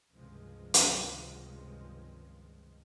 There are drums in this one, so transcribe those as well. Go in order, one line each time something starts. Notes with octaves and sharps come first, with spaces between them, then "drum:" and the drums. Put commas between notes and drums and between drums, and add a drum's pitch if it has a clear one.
C#2 G2 C3 D#3 F3 G#3
drum: hi-hat